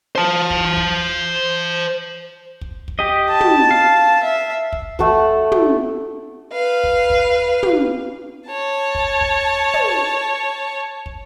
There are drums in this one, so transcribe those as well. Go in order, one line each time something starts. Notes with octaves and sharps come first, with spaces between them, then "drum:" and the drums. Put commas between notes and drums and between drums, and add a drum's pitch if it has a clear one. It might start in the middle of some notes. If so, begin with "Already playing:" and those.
C5 A5
drum: kick
drum: kick
drum: kick
drum: kick
G4 D#5
A5
drum: tom
F5
E5
drum: kick
A3 A4 F#5 E6, drum: kick
drum: tom
B4 F5
drum: kick
drum: kick
drum: tom
C#5 A5
drum: kick
drum: kick
drum: tom
drum: kick